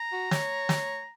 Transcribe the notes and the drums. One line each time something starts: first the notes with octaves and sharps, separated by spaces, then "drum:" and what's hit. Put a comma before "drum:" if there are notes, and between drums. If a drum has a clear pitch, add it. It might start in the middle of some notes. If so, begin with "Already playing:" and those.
Already playing: A#5
F#4
C#5, drum: snare
drum: snare